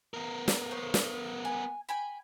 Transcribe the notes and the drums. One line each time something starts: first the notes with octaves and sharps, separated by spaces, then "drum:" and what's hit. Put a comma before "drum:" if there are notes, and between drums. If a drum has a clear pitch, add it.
B3 A#4
drum: snare
C5 C#5
drum: snare
G#5
G5 G#5 B5